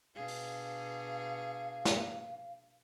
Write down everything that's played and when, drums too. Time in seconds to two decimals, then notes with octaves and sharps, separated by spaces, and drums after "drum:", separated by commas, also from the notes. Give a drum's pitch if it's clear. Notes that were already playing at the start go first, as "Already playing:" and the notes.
0.16 B2 D4 G#4 F5
0.28 drum: open hi-hat
1.85 drum: snare